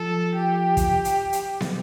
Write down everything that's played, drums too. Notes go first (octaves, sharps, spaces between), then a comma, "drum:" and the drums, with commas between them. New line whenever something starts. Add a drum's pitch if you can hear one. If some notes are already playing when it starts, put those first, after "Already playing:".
Already playing: F3 A4
G4
drum: kick, hi-hat
drum: hi-hat
drum: hi-hat
drum: snare